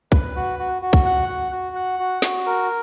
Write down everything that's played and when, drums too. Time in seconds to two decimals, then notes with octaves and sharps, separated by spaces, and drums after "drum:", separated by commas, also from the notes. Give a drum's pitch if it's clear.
0.12 B4, drum: kick
0.36 F#4
0.59 F#4
0.82 F#4
0.93 drum: kick
1.05 F#5
1.29 F#4
1.52 F#4
1.75 F#5
1.99 F#4
2.22 F#4, drum: snare
2.46 A#4